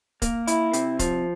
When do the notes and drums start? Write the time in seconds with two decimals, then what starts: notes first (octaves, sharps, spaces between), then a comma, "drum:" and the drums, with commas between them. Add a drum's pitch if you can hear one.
0.22 A#3, drum: kick D1, hi-hat
0.47 E4, drum: hi-hat
0.73 C3, drum: hi-hat
0.99 F3, drum: kick D1, hi-hat